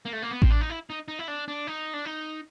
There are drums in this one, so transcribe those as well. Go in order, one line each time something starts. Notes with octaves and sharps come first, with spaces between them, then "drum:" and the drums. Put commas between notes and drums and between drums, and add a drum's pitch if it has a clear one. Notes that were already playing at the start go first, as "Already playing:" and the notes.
A#3
A3
A#3
B3
C4, drum: kick A1
D4
D#4
E4
D#4
D#4
E4
D4
D4
D#4
D4
D#4